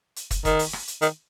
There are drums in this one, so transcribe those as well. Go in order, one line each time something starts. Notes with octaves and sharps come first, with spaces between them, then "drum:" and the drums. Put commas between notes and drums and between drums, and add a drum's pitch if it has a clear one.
drum: hi-hat
drum: kick, hi-hat
D#3, drum: kick, hi-hat
drum: open hi-hat
drum: rim click
drum: hi-hat
D#3, drum: hi-hat